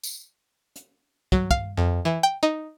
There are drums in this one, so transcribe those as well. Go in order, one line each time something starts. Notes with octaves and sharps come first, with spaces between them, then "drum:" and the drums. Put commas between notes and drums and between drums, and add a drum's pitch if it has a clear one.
drum: tambourine
drum: hi-hat
F#3, drum: kick
F5, drum: kick
F2
E3
G5
D#4